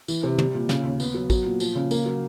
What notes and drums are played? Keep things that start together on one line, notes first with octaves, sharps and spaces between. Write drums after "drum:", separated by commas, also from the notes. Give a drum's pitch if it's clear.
E3, drum: tambourine
C3
G3, drum: tom
A#2
C#3, drum: snare
D#2
B3, drum: tambourine
F#3
F#3, drum: kick A1, tambourine
A#2
F3, drum: tambourine
C#3
A#3, drum: tambourine
F#3